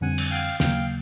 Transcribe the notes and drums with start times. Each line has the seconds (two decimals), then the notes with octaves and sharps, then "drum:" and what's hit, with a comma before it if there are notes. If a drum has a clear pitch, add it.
0.01 F2 D3 G3 C4 F#5 G#5
0.18 drum: cymbal
0.31 F5 G5
0.60 D#2 C#3 F#3 A#3 F5 G5, drum: snare